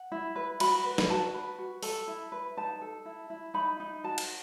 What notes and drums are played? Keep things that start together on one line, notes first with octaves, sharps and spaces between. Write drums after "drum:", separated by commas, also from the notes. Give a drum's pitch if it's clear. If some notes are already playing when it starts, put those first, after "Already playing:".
Already playing: F#5
E4
B4
F#4 B5, drum: cymbal
B4
drum: snare
F#4 A5
B4
F#4
A4, drum: open hi-hat
E4
B4
D#4 A5
A4
E4
E4
D#4 B5
D#4
F#4 A5
drum: cymbal